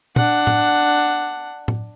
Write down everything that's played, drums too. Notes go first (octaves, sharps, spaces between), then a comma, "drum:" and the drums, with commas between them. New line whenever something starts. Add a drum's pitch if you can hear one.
D4 F#5, drum: tom
drum: tom A2
drum: tom A2